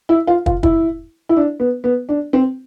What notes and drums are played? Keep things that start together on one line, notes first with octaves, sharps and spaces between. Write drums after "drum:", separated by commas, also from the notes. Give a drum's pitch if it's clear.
E4
F4
F4, drum: kick
E4, drum: kick
E4
D4
B3
B3
D4
C4